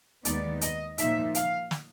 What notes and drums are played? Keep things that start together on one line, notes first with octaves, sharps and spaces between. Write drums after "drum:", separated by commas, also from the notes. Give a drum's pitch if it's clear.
D#2 D#3 G#3 B3 D#4 D5, drum: hi-hat
D#5, drum: hi-hat
A#2 F3 A#3 D#4 E5, drum: hi-hat
F5, drum: hi-hat
drum: snare